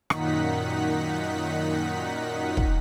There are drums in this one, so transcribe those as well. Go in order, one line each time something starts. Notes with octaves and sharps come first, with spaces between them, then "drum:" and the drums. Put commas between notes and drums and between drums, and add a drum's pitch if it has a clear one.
F#2 A#2 D#3 D#4 F#5 B6, drum: rim click
drum: kick